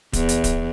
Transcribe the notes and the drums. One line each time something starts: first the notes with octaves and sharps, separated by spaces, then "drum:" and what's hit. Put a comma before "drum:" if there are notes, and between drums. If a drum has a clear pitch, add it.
E2, drum: kick D1, hi-hat
drum: hi-hat
drum: kick D1, hi-hat